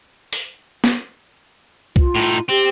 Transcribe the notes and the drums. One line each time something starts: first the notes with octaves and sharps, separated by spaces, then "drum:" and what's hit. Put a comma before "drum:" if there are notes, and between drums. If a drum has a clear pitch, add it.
drum: open hi-hat
drum: snare
F4, drum: kick C2
A2 D#4
C4 G4